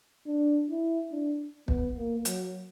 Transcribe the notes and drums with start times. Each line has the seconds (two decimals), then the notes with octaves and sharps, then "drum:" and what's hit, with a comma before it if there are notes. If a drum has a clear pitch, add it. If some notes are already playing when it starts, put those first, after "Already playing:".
0.27 D4
0.70 E4
1.12 D4
1.68 B3, drum: kick
1.97 A#3
2.25 F#3, drum: hi-hat